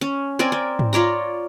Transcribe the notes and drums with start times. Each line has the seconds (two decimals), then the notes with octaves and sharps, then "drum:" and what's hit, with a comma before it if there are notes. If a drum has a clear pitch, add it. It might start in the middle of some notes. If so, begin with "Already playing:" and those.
0.01 C#4
0.39 C4 A#4 D5 G#5
0.52 C4
0.79 drum: tom G#2
0.93 F4 C#5 D5 A#5